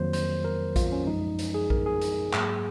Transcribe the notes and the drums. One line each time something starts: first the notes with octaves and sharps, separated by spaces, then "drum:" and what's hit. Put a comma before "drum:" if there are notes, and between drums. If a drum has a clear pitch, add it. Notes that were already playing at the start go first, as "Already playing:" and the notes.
Already playing: F2 D#3 F#3 A#3 C5
C5, drum: hi-hat
A#4
F4, drum: kick A#1, hi-hat
C#4
F#2 F3 G#3 D#4
drum: hi-hat
G#4
A#4, drum: kick A#1
G#4
drum: hi-hat
G#2 F#3 A#3, drum: clap